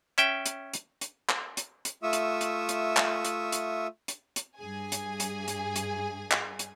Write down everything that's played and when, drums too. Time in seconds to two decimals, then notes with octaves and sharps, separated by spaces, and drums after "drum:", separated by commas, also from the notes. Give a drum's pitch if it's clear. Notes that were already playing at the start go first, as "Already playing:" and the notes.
0.18 C#4 E5 G5, drum: hi-hat
0.46 drum: hi-hat
0.74 drum: hi-hat
1.01 drum: hi-hat
1.29 drum: clap
1.57 drum: hi-hat
1.85 drum: hi-hat
2.03 A3 F4 E5 C#6 D#6 E6
2.13 drum: hi-hat
2.41 drum: hi-hat
2.69 drum: hi-hat
2.97 drum: clap
3.25 drum: hi-hat
3.52 drum: hi-hat
4.08 drum: hi-hat
4.36 drum: hi-hat
4.57 G2 G#4 G#5
4.92 drum: hi-hat
5.20 drum: hi-hat
5.48 drum: hi-hat
5.76 drum: hi-hat
6.31 drum: clap
6.59 drum: hi-hat